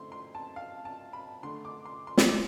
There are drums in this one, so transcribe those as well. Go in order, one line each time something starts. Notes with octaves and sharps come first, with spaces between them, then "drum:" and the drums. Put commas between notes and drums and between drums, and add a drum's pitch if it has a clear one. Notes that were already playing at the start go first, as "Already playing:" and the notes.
Already playing: D3 A3 C4 E4 C6
C6
A5
F5
A5
B5
D3 A3 D4 C6
D6
C6
C6
drum: snare
D6